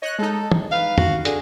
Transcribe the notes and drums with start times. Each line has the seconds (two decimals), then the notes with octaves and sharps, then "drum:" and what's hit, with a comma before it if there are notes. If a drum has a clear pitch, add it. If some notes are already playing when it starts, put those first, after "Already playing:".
0.02 C#5 D#5 F#6
0.19 G#3 D#4 A4
0.52 drum: tom
0.72 B4 F5
0.98 F#4, drum: tom F2
1.25 D3 G#4, drum: hi-hat